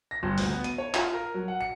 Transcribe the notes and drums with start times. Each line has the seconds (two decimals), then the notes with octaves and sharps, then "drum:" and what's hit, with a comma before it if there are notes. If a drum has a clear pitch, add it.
0.11 A#6
0.23 G1
0.38 D2, drum: open hi-hat
0.52 B3
0.64 D#7, drum: hi-hat
0.78 C#5
0.94 F4, drum: clap
1.13 A#4
1.34 F#3
1.48 F#5
1.61 C#7